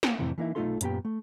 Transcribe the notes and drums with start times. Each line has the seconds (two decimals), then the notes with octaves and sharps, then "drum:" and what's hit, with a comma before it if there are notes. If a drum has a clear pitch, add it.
0.03 drum: snare
0.19 F2 A2 C3 E3
0.38 E3 A#3 D#4 E4
0.55 B1 A3 D#4 F4 A4 C6
0.81 F#2 A#2 B3 G4 G5, drum: hi-hat
1.05 A3